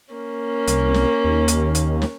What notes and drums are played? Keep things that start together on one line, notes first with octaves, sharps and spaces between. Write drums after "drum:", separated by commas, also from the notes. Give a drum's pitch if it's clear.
A#3 C#4
C2, drum: hi-hat
drum: snare
D#2
drum: hi-hat
drum: hi-hat
drum: snare